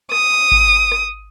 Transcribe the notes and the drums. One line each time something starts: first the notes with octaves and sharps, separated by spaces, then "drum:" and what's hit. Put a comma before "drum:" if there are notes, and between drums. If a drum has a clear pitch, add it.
D#6, drum: rim click
drum: kick G#1
drum: rim click